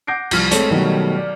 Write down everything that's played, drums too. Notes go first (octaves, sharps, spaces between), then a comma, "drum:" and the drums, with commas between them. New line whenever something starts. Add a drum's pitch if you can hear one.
F#5 D6 G6 A#6 C7 D7
C2 F3 F6, drum: cymbal
G#3 A3 C4 A4 C#5, drum: hi-hat
B2 D#3 F#3 G3 A3
D5